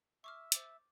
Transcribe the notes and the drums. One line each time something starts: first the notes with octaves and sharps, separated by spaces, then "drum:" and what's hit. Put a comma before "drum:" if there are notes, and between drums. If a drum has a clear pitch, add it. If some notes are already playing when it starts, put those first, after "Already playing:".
E5 C#6 D6 F6
C5 D6 A6, drum: hi-hat